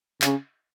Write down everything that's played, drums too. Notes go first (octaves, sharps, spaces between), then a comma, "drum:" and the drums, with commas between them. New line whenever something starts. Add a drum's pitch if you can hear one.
C#3, drum: clap